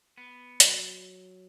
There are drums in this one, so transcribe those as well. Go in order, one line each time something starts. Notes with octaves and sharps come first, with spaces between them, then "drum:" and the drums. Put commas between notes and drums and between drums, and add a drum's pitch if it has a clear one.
B3
F#3, drum: hi-hat